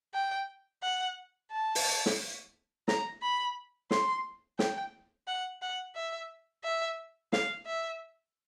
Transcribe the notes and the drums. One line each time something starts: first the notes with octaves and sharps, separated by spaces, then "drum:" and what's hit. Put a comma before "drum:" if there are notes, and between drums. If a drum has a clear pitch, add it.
G5
F#5
A5
drum: open hi-hat
drum: snare
A#5, drum: snare
B5
C6, drum: snare
G5, drum: snare
F#5
F#5
E5
E5
F5, drum: snare
E5